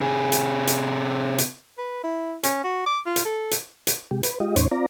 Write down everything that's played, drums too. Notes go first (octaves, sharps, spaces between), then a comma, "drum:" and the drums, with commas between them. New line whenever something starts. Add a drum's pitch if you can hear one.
C3 G#4
drum: hi-hat
drum: hi-hat
drum: hi-hat
B4
E4
C#4, drum: hi-hat
F#4
D6
F4
drum: hi-hat
A4
drum: hi-hat
drum: hi-hat
C3 G#3 G4
B4, drum: hi-hat
G#3 F4 G4 D#5
E2 A2 C#4 D#4 C5 C#5, drum: hi-hat
C4 F4 D5 A#5